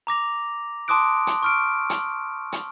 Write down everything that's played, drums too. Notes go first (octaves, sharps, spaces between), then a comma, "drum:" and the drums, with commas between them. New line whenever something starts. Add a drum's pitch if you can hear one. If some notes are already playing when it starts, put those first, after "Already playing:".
A#5 D6 A#6 F7
A5 C6 D6 D#6 F#6 D7
drum: hi-hat
C#6 F6 D7
drum: hi-hat
drum: hi-hat